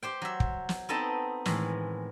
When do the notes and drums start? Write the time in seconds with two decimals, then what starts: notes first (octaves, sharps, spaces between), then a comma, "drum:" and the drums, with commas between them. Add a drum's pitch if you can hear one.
0.03 G4 C5 G5
0.22 F#3 E5
0.40 drum: kick
0.69 drum: snare
0.89 B3 C4 D#4 A4 D#5 A5
1.45 A2 D#3 E3 G#3, drum: snare